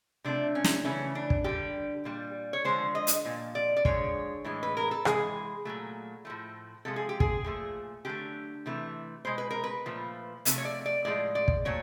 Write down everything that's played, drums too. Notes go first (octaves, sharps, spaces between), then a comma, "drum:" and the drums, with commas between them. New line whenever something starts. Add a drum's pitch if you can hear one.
C3 F3 A3 D4
C#4
drum: snare
C#3 E3 A3 C#4
D4
drum: kick
D3 G3 G4
A#2 G3
C#5
D3 F3 G#3 C5
D#5
drum: hi-hat
A#2 F3
D5
D5
D3 F3 G#3 C#5, drum: kick
A2 E3 G#3
B4
A#4
A4
C3 E3 G#3 G#4, drum: rim click
A#2 F#3 A3
A2 F3 A3
C3 F3 G#3 A4
G#4
G4
G#4, drum: kick
A#2 F3 A3
D3 F#3 A3 G4
C3 E3 A3
B2 G#3 C5
B4
A#4
B4
A#2 F3 A3
C3 F3 A3, drum: hi-hat
C#5
D5
D5
A2 F3 G#3 D5
D5
drum: kick
A#2 F#3 A3 C#5